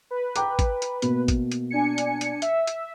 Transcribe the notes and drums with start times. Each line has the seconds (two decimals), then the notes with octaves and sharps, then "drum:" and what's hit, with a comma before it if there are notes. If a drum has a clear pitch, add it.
0.11 B4
0.36 G5 A#5 D6, drum: hi-hat
0.59 drum: kick, hi-hat
0.82 drum: hi-hat
1.02 B2 A#3, drum: hi-hat
1.28 drum: kick, hi-hat
1.52 drum: hi-hat
1.70 D4 G#5 C#7
1.98 drum: hi-hat
2.21 drum: hi-hat
2.42 E5, drum: hi-hat
2.67 drum: hi-hat